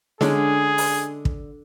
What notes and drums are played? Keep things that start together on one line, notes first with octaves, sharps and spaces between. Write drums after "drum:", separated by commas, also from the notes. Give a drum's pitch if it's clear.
D3 G#3 C#4 D4 G#4, drum: snare
drum: open hi-hat
drum: kick